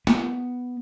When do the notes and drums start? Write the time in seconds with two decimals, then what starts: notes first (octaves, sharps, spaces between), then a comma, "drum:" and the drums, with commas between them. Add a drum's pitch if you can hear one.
0.07 B3, drum: snare